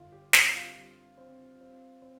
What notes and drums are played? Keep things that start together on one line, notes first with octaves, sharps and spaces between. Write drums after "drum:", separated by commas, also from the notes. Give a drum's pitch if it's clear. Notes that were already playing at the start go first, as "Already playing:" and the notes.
Already playing: G1 F4
G4
C4 G4, drum: snare
F4
G3
C4
C4
C4